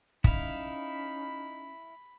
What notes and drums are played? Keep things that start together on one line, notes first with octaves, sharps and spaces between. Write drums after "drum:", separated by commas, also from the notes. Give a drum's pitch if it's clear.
C#4 D#4 E4 F5 B5, drum: kick